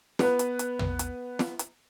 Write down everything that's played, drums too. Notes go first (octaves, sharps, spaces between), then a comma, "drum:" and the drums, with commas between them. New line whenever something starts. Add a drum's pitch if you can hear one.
B3 B4, drum: snare
drum: hi-hat
drum: hi-hat
drum: tom
drum: hi-hat
drum: snare
drum: hi-hat